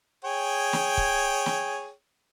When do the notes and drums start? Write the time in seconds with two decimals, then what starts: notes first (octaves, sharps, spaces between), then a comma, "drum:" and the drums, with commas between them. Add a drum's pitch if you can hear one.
0.24 G#4 C#5 G5
0.73 drum: snare
0.97 drum: kick
1.46 drum: snare